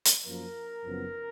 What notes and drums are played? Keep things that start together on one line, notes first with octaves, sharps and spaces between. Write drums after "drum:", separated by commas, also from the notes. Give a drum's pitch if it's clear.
drum: hi-hat
F#2 F3 A#3 A#4
F#1 F#2 F3 B3